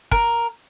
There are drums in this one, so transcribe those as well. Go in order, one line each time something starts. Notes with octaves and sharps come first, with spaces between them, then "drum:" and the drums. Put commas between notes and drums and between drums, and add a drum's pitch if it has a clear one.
A#4, drum: kick